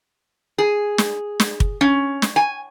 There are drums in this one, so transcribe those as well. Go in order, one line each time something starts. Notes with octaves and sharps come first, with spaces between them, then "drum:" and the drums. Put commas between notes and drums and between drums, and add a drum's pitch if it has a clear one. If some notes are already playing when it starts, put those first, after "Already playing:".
G#4
drum: snare
drum: snare
drum: kick
C#4
drum: snare
G#5